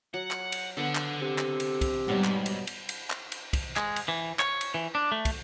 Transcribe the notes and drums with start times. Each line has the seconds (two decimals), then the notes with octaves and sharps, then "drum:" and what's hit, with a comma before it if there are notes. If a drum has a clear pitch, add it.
0.14 F#3 F#5
0.31 drum: clap
0.52 drum: cymbal
0.77 D3 B3 A4 F#5 B5
0.95 drum: clap
1.21 C3
1.38 drum: clap
1.60 drum: cymbal
1.81 drum: kick, cymbal
2.08 G#2 B2 F#3 G3
2.24 drum: clap
2.46 drum: cymbal
2.67 drum: cymbal
2.89 drum: cymbal
3.10 drum: clap
3.32 drum: cymbal
3.53 drum: kick, cymbal
3.77 G#3, drum: clap
3.96 drum: cymbal
4.08 E3
4.39 C#5, drum: clap
4.61 drum: cymbal
4.74 E3
4.95 D4
5.12 A3
5.25 drum: kick, cymbal